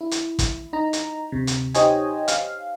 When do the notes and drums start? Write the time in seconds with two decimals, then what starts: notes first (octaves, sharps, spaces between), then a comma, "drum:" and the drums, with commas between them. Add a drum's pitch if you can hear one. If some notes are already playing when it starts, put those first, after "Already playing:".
0.01 E4
0.11 drum: hi-hat
0.39 drum: kick, hi-hat
0.73 D#4 A#5
0.93 drum: hi-hat
1.32 D2 C3
1.47 drum: hi-hat
1.74 D#4 G4 C5 C#5 D#5 G#5, drum: hi-hat
2.28 F5, drum: hi-hat